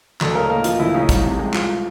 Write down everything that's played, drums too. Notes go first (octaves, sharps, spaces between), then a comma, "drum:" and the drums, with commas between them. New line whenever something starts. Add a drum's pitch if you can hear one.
D2 A4, drum: clap
C#3 A#4
A#3 A#4
F3 F4, drum: hi-hat
D2 E4
C#3 D#4
C2, drum: kick, hi-hat
C3
G#3
F3, drum: clap